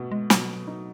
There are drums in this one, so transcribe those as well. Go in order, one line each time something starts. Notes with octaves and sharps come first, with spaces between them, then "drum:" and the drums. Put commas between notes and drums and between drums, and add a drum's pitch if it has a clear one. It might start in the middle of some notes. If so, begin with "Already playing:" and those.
Already playing: B2 A3
G#3
B2 F#3, drum: snare
D#4